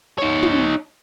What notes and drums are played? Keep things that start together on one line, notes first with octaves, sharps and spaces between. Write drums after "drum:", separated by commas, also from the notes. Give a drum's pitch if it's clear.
D#4 C#5
drum: tom